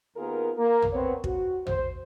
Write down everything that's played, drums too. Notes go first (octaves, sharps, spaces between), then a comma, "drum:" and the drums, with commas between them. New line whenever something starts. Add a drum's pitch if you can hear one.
D#2 B3 F4 G#4 A#4
A#3 A#4
drum: tom
B3 C4 C#5
F#4, drum: kick
C5, drum: tom